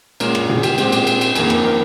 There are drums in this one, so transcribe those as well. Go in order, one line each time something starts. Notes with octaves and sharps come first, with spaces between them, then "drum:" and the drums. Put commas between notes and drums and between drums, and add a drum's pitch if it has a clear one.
A#2 G#3 C#4 A#4, drum: cymbal
drum: rim click
G#4, drum: tom A2
G4, drum: cymbal
A#2 G#3 C4, drum: cymbal
drum: cymbal
drum: cymbal
drum: cymbal
F2 D#3 A#3 G#4, drum: cymbal
drum: rim click
A#4